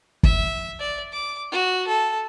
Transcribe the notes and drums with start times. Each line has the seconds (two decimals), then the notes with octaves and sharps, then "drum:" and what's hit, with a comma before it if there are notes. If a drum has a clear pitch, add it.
0.23 E5, drum: kick
0.79 D5
1.12 D6
1.51 F#4
1.87 A4